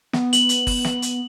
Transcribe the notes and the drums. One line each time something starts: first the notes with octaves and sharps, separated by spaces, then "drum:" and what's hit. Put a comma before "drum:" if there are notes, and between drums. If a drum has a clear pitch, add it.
B3, drum: snare
F#7, drum: hi-hat
drum: hi-hat
drum: kick, open hi-hat
drum: snare
drum: hi-hat